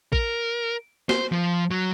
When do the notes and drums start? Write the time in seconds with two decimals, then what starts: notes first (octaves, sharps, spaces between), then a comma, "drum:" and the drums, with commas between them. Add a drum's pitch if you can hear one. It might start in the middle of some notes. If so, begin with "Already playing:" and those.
0.13 A#4, drum: kick A1
1.09 C5, drum: snare
1.32 F3
1.71 F#3 F#4